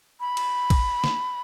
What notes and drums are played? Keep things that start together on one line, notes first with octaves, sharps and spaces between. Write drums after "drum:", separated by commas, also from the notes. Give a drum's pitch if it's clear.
B5
drum: cymbal
drum: kick, cymbal
drum: snare